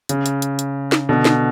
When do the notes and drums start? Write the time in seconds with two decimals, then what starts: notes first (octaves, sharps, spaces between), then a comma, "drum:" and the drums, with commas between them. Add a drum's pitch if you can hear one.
0.09 C#3, drum: hi-hat
0.26 drum: hi-hat
0.42 drum: hi-hat
0.59 drum: hi-hat
0.92 drum: snare
1.09 B2 D3
1.25 drum: snare